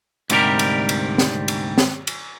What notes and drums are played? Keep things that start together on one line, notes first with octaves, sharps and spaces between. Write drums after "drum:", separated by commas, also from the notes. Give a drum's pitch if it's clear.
D2 G#2 C3 G3 G4 A#4, drum: cymbal
drum: cymbal
drum: cymbal
drum: snare
drum: cymbal
drum: snare
drum: cymbal